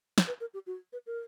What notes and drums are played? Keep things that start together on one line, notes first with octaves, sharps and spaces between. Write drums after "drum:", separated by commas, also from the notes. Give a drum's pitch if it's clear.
drum: snare
B4
A#4
G4
F#4
B4
A#4